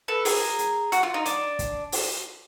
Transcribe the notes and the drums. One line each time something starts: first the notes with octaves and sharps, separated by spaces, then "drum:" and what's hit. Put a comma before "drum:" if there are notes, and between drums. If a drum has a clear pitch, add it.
A4 B4
G#4 A#4, drum: open hi-hat
drum: hi-hat
F#4, drum: hi-hat
F4
D#4
D4, drum: hi-hat
drum: kick, hi-hat
drum: open hi-hat